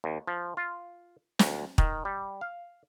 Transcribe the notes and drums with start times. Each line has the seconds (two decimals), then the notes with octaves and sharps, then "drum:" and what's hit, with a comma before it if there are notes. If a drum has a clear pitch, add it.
0.04 D#2
0.27 F3
0.57 F4
1.39 D2, drum: snare
1.78 D#3, drum: kick
2.05 G3
2.41 F5